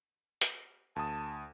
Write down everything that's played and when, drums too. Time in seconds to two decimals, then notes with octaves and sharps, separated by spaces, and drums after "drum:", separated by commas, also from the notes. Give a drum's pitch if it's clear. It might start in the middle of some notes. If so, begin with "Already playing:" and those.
0.41 drum: hi-hat
0.96 D2 A5 D#6